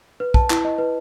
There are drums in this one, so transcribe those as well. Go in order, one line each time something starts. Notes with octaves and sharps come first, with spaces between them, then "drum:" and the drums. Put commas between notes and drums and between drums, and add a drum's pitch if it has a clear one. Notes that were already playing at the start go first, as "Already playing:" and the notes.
B4
A5, drum: kick
E4, drum: clap
D#5
B4